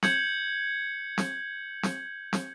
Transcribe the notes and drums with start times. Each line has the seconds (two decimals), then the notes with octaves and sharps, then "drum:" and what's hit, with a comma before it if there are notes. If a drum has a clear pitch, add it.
0.03 G6 G#6 C#7 F#7, drum: snare
1.18 drum: snare
1.83 drum: snare
2.33 drum: snare